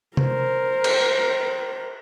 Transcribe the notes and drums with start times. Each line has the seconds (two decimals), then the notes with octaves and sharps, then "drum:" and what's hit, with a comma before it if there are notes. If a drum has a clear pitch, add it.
0.17 A#4 C5, drum: tom C3
0.84 drum: cymbal